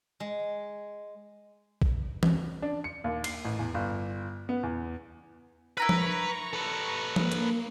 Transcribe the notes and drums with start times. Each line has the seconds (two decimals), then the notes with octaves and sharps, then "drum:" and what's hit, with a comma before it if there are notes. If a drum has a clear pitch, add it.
0.20 G#3
1.82 drum: kick A#1
2.23 drum: tom E3
2.62 D4
2.84 C#7
3.04 D#2
3.24 C7, drum: cymbal
3.45 A1
3.59 E2
3.74 G1
4.49 B3
4.63 E2
5.77 E4 A#4 B4 A#5 C#6 F#6
5.89 drum: tom F3
6.53 A4 B4
7.16 A#3, drum: tom F3
7.32 drum: hi-hat